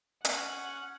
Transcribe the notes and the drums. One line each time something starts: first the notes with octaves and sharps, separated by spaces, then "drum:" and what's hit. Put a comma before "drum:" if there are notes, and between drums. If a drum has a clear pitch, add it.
C#4 F#5, drum: hi-hat